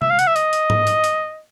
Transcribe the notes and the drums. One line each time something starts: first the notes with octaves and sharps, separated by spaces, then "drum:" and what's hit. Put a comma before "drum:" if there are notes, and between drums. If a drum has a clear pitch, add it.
E5, drum: tom
F5
F#5, drum: hi-hat
E5
D#5, drum: hi-hat
drum: hi-hat
drum: tom G#2
drum: hi-hat
drum: hi-hat